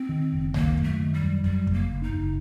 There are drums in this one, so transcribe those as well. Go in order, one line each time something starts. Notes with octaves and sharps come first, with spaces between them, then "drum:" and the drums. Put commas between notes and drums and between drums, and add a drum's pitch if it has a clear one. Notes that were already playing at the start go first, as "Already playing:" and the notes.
Already playing: C4
D#3
F#1
D#3 A#3, drum: tom C2
F#2, drum: kick
A3
D#3
G3
F#2
F#2 G3, drum: kick
F#1, drum: kick
A#3
F#1
D#4
F#1